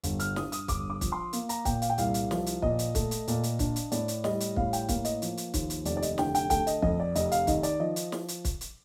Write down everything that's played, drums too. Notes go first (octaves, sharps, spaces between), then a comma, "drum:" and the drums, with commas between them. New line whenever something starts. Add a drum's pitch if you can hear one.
G1, drum: hi-hat
F6, drum: hi-hat
G2 D#6, drum: snare
D#6, drum: hi-hat
G1 D6, drum: kick, hi-hat
D6
F3, drum: kick, hi-hat
C6
A#3, drum: hi-hat
A#5, drum: hi-hat
A#2 G5, drum: kick, hi-hat
F5, drum: hi-hat
G5
C2 F5, drum: hi-hat
drum: hi-hat
F3, drum: snare
drum: hi-hat
A#2 D#5, drum: kick
drum: hi-hat
A3, drum: kick, hi-hat
drum: hi-hat
A#2, drum: hi-hat
drum: hi-hat
D4, drum: kick, hi-hat
drum: hi-hat
A2 D5, drum: hi-hat
drum: hi-hat
G3 D#5, drum: snare
drum: hi-hat
A2 F5, drum: kick
G5, drum: hi-hat
A#3 F5, drum: kick, hi-hat
D#5, drum: hi-hat
F3, drum: hi-hat
drum: hi-hat
D#2, drum: kick, hi-hat
drum: hi-hat
F1 D5, drum: hi-hat
D5
D#5, drum: hi-hat
D3 G5, drum: snare
G5, drum: hi-hat
A3 G5, drum: kick, hi-hat
D#5, drum: hi-hat
F2 D#5, drum: kick
D5
F1 D#5, drum: hi-hat
F5, drum: hi-hat
D#3 D#5, drum: kick, hi-hat
D5, drum: hi-hat
F3 D#5
drum: hi-hat
drum: snare
drum: hi-hat
drum: kick, hi-hat
drum: hi-hat